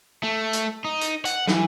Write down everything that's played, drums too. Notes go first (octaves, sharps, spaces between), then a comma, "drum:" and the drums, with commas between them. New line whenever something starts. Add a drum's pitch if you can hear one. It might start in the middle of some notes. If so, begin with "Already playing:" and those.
A3
drum: hi-hat
D#4
drum: hi-hat
F#5, drum: hi-hat
E3, drum: snare